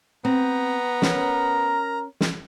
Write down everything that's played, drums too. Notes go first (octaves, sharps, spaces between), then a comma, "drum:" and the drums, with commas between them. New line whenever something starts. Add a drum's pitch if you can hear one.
B3 C4 A#5
C#4 A#4, drum: snare
drum: snare